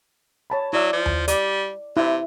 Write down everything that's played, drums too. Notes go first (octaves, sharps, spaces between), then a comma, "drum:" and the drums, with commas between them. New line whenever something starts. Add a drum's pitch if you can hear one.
C#5 A5 B5
F#3 E4 D5 E6
F3
drum: tom D#2
G3 D5, drum: hi-hat
C3 E4 E5